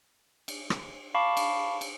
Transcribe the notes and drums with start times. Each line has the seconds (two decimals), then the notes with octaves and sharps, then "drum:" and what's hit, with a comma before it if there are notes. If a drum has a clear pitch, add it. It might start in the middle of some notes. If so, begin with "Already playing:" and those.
0.48 drum: cymbal
0.70 drum: rim click
1.15 F5 A5 B5 C#6 D6
1.37 drum: cymbal
1.81 drum: cymbal